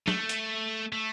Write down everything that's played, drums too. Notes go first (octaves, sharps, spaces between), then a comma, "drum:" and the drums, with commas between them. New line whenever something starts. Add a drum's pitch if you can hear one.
A3, drum: snare
drum: hi-hat
A3